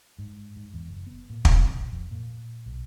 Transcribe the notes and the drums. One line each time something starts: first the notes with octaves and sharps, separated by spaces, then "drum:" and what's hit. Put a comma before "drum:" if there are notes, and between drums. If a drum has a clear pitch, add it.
G#2
G#2
E2
F#1
B3
A#2
drum: kick
C3
A#1
F2
A#2
B1